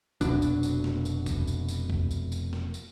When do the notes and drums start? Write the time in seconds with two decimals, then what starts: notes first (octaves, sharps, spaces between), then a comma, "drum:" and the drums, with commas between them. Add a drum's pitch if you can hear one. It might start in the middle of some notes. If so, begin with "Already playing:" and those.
0.21 F1 B2 F#3 D4, drum: kick C2, tambourine
0.42 drum: tambourine
0.63 drum: tambourine
0.84 drum: snare
1.05 drum: tambourine
1.26 drum: kick C2, tambourine
1.47 drum: tambourine
1.69 drum: tambourine
1.90 drum: kick C2
2.11 drum: tambourine
2.32 drum: tambourine
2.53 drum: snare
2.74 drum: tambourine